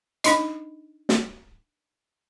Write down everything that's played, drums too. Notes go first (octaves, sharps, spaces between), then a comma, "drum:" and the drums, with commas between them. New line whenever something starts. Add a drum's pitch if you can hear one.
D4 D#4 D#5, drum: hi-hat
drum: snare